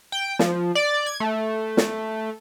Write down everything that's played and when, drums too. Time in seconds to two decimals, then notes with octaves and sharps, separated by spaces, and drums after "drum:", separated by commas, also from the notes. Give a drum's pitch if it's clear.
0.12 G5
0.39 F3, drum: snare
0.75 D5
1.06 G#6
1.20 A3
1.77 drum: snare